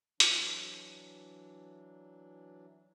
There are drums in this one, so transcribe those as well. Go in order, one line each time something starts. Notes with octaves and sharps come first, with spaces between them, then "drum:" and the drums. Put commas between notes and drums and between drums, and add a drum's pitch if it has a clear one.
E3 F#3 D4, drum: hi-hat